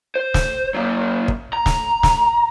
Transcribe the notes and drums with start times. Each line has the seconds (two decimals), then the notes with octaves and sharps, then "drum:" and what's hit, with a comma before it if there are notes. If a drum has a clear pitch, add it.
0.15 C5
0.34 drum: snare
0.74 F#3 A#3
1.28 drum: kick
1.53 A#5
1.66 drum: snare
2.03 drum: snare